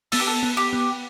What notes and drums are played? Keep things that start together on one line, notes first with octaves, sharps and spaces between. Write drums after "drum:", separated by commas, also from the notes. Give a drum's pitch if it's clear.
B3 A4, drum: open hi-hat
G4
A4
B3
G4
B3